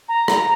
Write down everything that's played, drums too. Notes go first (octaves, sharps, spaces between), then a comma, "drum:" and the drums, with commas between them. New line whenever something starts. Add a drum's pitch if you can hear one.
A#5
drum: rim click